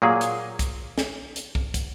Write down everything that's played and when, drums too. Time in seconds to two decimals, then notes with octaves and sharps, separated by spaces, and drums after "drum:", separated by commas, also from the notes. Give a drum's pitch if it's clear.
0.02 A#2 F#3 A#3 G#4
0.21 drum: hi-hat
0.59 drum: kick, hi-hat
0.98 drum: snare
1.36 drum: hi-hat
1.55 drum: kick
1.74 drum: kick, hi-hat